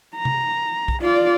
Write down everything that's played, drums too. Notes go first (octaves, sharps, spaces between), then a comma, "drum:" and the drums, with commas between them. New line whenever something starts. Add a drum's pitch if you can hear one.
A#5
drum: tom C3
drum: kick B1
F4 D5